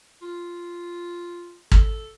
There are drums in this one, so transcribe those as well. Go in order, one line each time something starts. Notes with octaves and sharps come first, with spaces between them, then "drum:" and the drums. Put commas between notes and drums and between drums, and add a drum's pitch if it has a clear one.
F4
A4, drum: kick